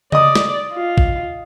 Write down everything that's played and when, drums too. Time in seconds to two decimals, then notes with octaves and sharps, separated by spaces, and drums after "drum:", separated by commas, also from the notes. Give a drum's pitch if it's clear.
0.12 D5 D#5 D#6, drum: tom C#3
0.36 drum: snare
0.73 F4
0.97 drum: kick A1